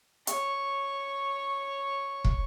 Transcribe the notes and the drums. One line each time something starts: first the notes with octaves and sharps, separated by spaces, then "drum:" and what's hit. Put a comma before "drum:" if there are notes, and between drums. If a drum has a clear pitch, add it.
C#5 C#6, drum: hi-hat
drum: kick